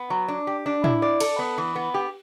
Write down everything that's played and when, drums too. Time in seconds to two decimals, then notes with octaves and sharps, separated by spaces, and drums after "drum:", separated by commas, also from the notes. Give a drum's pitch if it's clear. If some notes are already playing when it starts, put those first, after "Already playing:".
Already playing: B3
0.10 F#3
0.28 D4
0.47 G4
0.66 D4
0.84 E4, drum: tom
1.02 D5
1.20 A4, drum: cymbal
1.39 B3
1.58 E3
1.76 B3
1.94 G4